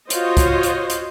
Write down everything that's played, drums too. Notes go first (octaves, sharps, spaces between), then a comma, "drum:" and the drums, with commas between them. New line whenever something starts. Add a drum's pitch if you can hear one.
F4 F#4 C5 C#5 D#5, drum: hi-hat
drum: kick, hi-hat
drum: hi-hat
drum: hi-hat